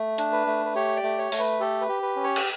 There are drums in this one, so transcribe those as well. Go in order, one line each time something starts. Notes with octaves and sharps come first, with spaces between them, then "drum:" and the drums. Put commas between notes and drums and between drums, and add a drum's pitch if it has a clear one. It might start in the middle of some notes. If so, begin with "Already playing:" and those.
Already playing: A3
D4, drum: hi-hat
B4
A3
B4
G4 C#5
D5
A3
C#5
A3, drum: open hi-hat
B4
G4 A4
B4
G4
B4
C#4
C#5
drum: cymbal